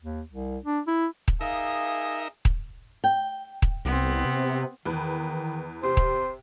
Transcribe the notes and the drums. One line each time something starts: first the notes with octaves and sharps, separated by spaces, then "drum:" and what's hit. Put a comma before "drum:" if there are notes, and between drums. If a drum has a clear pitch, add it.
D#2
C2
D4
E4
drum: kick D#1
D#4 G#4 A#4 E5 F5
drum: kick D#1
G5
drum: kick D#1
C2 B3 C4
C3
E2 D#3 B4
C3 C5
drum: kick D#1